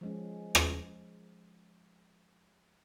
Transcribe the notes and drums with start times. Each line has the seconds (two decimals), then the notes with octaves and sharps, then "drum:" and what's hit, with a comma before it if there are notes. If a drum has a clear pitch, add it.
0.01 F3 G#3 C#4
0.55 drum: rim click